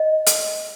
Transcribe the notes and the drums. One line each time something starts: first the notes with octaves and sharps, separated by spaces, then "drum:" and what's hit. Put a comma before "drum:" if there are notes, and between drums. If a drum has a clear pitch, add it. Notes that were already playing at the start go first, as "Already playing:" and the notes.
Already playing: D#5
drum: hi-hat